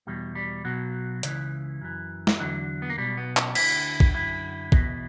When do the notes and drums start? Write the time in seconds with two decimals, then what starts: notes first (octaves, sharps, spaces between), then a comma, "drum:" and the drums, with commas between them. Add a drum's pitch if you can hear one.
0.07 E2 B2 G3
0.35 G3
0.65 B1 B2 F#3
1.23 C#2 C#3 E3, drum: hi-hat
1.81 F#2 E3
2.27 drum: snare
2.40 E2 D3 F#3
2.82 B3
2.90 A#3
2.98 B1 B2 G3
3.17 B3
3.37 C#4, drum: clap
3.55 D2 D3 E4, drum: cymbal
4.00 drum: kick
4.14 F#2 D3 E4
4.72 E2 B2, drum: kick